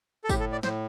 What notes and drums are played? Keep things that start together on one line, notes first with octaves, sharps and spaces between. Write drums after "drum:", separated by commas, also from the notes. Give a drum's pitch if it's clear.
A4
A2 G4, drum: kick, tambourine
A4
D5
A2 C5, drum: snare